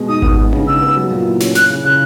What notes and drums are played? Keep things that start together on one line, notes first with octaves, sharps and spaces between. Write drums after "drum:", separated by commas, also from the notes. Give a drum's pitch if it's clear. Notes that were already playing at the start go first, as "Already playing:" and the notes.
Already playing: B2 G#3
D#4 D#6
B3, drum: kick G#1
G#3
C#3, drum: tom D4
D#4 E6
B3
F#3
A#2
E4
C#4, drum: snare
E3 F#6, drum: snare
C#3
C#3 F#6